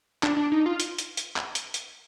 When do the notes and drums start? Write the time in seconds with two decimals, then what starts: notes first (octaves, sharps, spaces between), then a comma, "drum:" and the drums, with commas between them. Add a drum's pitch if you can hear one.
0.23 D4, drum: clap
0.37 D4
0.52 D#4
0.66 F4
0.80 drum: hi-hat
0.98 drum: hi-hat
1.17 drum: hi-hat
1.36 drum: clap
1.55 drum: hi-hat
1.74 drum: hi-hat